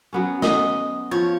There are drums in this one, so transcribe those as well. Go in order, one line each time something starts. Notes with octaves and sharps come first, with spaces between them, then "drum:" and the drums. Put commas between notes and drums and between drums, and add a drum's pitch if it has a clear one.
F#3 B3 C#4
D#5, drum: snare
F3 C#5